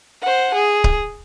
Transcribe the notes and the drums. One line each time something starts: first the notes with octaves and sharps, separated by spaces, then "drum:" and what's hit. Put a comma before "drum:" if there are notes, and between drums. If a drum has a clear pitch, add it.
C5 F#5
G#4
drum: kick C#1